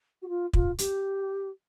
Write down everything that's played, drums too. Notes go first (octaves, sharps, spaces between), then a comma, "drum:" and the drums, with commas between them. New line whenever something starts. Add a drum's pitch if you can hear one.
F#4
F4
F4, drum: kick
G4, drum: hi-hat